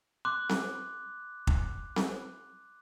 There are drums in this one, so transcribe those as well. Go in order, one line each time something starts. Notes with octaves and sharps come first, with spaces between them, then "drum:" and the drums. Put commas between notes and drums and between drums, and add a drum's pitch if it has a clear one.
C6 D6 F#6
drum: snare C4
drum: kick
drum: snare C4